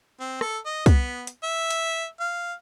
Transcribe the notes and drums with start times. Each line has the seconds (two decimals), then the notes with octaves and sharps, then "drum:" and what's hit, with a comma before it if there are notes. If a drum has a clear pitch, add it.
0.20 C4
0.41 A4, drum: rim click
0.65 D#5
0.86 B3, drum: kick, hi-hat
1.27 drum: hi-hat
1.43 E5
1.70 drum: hi-hat
2.20 F5